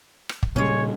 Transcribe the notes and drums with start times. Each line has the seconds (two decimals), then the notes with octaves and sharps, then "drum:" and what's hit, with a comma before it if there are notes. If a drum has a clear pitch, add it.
0.29 drum: rim click
0.43 drum: kick
0.56 A#2 C#3 G3 G#3 C#4 C#5